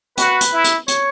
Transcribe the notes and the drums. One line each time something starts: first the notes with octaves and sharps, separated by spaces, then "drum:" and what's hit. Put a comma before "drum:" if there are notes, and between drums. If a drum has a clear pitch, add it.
F#4 B4, drum: hi-hat
drum: hi-hat
E4
drum: hi-hat
C#5, drum: hi-hat